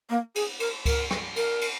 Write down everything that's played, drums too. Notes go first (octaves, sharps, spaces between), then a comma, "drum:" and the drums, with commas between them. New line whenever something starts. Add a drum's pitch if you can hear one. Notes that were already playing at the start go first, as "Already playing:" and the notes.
A#3
G#4, drum: cymbal
A#4, drum: cymbal
A#4, drum: kick C#2, cymbal
drum: rim click
A#4, drum: cymbal
drum: cymbal